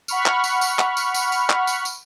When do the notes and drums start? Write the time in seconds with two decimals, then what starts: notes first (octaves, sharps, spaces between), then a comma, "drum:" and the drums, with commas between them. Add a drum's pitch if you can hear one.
0.08 F#5 B5 C#6 F6, drum: tambourine
0.26 drum: clap
0.44 drum: tambourine
0.61 drum: tambourine
0.79 drum: clap
0.97 drum: tambourine
1.14 drum: tambourine
1.32 drum: tambourine
1.50 drum: clap
1.67 drum: tambourine
1.85 drum: tambourine